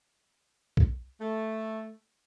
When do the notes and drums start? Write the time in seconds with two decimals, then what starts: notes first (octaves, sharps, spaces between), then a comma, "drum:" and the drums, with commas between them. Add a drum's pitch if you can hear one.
0.77 drum: kick B1
1.21 A3